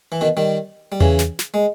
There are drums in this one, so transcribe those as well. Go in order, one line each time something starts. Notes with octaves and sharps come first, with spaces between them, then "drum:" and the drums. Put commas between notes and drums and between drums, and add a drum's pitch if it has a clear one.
E3
B2 D#3
D#3 G3
G3
C#3 E3, drum: tom E2
drum: snare
drum: snare
G#3